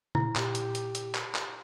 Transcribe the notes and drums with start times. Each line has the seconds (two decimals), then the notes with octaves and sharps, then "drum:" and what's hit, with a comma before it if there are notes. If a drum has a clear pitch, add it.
0.15 A#2 E4, drum: tom C#3
0.36 A#2 G4, drum: clap
0.55 drum: hi-hat
0.75 drum: hi-hat
0.95 drum: hi-hat
1.15 drum: clap
1.35 drum: clap